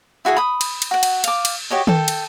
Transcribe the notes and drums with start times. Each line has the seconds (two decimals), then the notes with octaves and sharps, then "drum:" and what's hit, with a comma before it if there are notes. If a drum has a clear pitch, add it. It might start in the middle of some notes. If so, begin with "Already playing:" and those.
0.25 E4 F#4 G#4 E5
0.36 B5 D#6
0.61 drum: cymbal
0.82 drum: cymbal
0.91 F#4 F#5
1.03 drum: cymbal
1.24 F5 D6, drum: cymbal
1.45 drum: cymbal
1.70 F#4 G4 C#5 D#5
1.87 A4 G5, drum: tom D#3
2.08 drum: cymbal